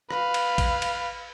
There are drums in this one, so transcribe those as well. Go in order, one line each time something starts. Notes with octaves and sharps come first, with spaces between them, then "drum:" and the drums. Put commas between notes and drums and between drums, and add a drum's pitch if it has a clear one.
B4 F5, drum: rim click
drum: cymbal
drum: kick A1, cymbal
drum: cymbal